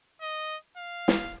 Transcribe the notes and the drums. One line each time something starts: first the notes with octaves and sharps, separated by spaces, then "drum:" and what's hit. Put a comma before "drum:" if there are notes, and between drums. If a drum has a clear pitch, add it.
D#5
F5
drum: snare